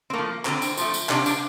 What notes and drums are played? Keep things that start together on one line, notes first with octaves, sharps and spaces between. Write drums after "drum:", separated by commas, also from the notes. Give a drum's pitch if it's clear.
C4
F3 A3 A#3
D3 C4, drum: clap
drum: tambourine
F3 A3, drum: tambourine
drum: tambourine
C3 D4, drum: clap
D4, drum: tambourine